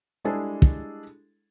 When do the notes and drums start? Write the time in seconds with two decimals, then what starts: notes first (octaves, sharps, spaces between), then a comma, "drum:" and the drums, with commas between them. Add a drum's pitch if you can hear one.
0.24 G3 G#3 D4 E4 G#4 A4
0.62 drum: kick